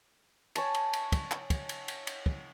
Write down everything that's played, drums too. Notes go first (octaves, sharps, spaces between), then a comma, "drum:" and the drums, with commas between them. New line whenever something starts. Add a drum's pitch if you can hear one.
C#5 G#5 A5, drum: cymbal
drum: cymbal
drum: cymbal
drum: kick, cymbal
drum: clap
drum: kick, cymbal
drum: cymbal
drum: cymbal
drum: cymbal
drum: kick